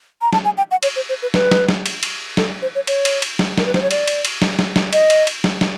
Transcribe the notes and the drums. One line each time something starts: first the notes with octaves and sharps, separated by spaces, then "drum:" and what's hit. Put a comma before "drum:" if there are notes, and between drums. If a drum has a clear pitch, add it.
A#5
A5, drum: snare
G#5
G5
F#5
C#5, drum: cymbal
C5
C5
B4
B4, drum: snare
drum: snare
drum: snare
drum: cymbal
drum: cymbal
A4, drum: snare
C5
C#5
C#5, drum: cymbal
drum: cymbal
drum: cymbal
drum: snare
A#4, drum: snare
B4
C5, drum: snare
C#5
D5, drum: cymbal
drum: cymbal
drum: cymbal
drum: snare
drum: snare
drum: snare
D#5, drum: cymbal
drum: cymbal
drum: cymbal
drum: snare
drum: snare